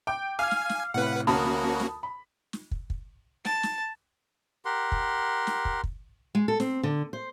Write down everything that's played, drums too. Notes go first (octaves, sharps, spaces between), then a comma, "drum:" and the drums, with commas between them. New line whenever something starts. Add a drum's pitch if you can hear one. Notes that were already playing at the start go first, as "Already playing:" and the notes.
G5 D6
F5 G#5 F6
drum: snare
drum: snare
A2 C3 B4 F#5
D2 A#3 C#4 F#4 A#4 A5 B5 D#6
drum: snare
B5
drum: snare
drum: kick
drum: kick
A5, drum: snare
drum: snare
G4 A#4 F#5 C6
drum: kick
drum: snare
drum: kick
drum: kick
G#3
A4
C4, drum: snare
D3
C5